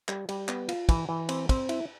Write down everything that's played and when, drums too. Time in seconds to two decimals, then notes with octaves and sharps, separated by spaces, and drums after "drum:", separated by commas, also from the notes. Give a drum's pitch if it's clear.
0.08 G3, drum: clap
0.29 G3, drum: cymbal
0.48 B3, drum: clap
0.69 F4, drum: cymbal
0.89 E3, drum: kick, cymbal
1.09 E3
1.29 C4, drum: cymbal
1.49 C4, drum: kick, cymbal
1.69 E4, drum: cymbal